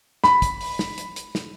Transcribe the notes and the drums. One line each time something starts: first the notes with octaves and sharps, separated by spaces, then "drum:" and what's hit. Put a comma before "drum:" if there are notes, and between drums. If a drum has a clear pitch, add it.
B5, drum: snare
drum: kick, hi-hat
drum: open hi-hat
drum: snare
drum: hi-hat
drum: hi-hat
drum: snare